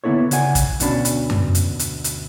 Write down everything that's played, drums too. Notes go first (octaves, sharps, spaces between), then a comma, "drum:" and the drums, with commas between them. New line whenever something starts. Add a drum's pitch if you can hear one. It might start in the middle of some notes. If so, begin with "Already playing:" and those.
D3 A#3 B3 E4 A4 C#5
C#3 C#5 D5 F#5 G#5, drum: hi-hat
drum: kick, hi-hat
D2 B2 C#4 D4 A5 B5, drum: hi-hat
drum: hi-hat
drum: tom F#2
drum: hi-hat
drum: hi-hat
drum: hi-hat